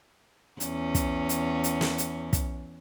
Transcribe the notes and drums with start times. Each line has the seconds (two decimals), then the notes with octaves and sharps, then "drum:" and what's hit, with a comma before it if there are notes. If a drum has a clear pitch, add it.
0.60 E2 C#4, drum: hi-hat
0.95 drum: kick, hi-hat
1.29 drum: hi-hat
1.64 drum: hi-hat
1.81 drum: snare
1.98 drum: hi-hat
2.33 drum: kick, hi-hat